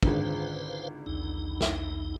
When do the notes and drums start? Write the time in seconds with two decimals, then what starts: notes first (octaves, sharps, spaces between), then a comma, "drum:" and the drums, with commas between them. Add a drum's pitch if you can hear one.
0.03 G#1 C#2 D3 B4 C5 F5, drum: kick
1.06 B1 E2 D#4
1.61 drum: snare